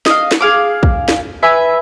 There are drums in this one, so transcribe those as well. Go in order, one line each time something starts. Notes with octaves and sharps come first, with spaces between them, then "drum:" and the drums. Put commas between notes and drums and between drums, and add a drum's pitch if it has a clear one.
D#5 F5, drum: snare
drum: snare
G#4 F5 D6
drum: kick
drum: snare
B4 E5 G#5